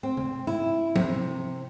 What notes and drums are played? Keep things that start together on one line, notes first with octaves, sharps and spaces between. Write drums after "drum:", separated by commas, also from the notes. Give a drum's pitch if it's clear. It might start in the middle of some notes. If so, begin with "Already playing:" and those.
C4
drum: tom C#3
E4
C3, drum: tom